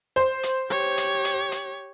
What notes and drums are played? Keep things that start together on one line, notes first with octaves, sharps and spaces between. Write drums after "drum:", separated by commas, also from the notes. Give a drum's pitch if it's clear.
C5
drum: hi-hat
G4 C#5
drum: hi-hat
drum: hi-hat
drum: hi-hat